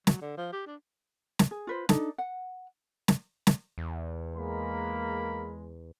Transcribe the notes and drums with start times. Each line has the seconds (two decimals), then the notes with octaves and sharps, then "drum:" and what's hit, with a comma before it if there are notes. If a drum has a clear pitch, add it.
0.07 F#3, drum: snare
0.21 D3
0.37 F3
0.53 G4
0.66 D4
1.39 drum: snare
1.51 G#4
1.67 F4 B4 C5
1.89 D4 D#4 A4, drum: snare
2.18 F#5
3.08 drum: snare
3.47 drum: snare
3.78 E2
4.35 G#3 A#3 A#4 A#5 B5